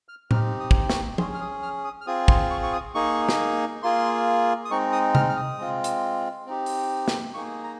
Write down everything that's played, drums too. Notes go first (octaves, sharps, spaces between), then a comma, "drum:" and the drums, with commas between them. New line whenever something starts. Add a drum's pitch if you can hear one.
F6
C4 D#4 G4 F6, drum: tom A2
D#6
drum: kick
C#6, drum: snare
C#4 G#4 C6, drum: tom F3
F6
D#6
F6
D#6
F6
C4 F4 G#4 D#6
C6, drum: kick
C#6
C#6
D#6
A#3 D#4 G#4 C#6
drum: snare
A#3 F4 G#4 C6
D#6
G#3 C4 D#4 C#6
D#6
F6, drum: tom C3
F6
D#6
G#3 C4 F4
drum: hi-hat
C4 D#4 G4
drum: open hi-hat
drum: snare
A#3 D#4 G#4 C#6
A#5